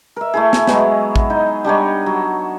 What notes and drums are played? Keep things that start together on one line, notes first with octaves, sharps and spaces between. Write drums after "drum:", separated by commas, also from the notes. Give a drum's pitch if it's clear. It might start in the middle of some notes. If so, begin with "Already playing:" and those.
A#4 E5
A3 E4 G#4
drum: snare
F#3 G#3 B3, drum: snare
drum: kick A1
D#4
G3 D4 D#4 C#5
F#3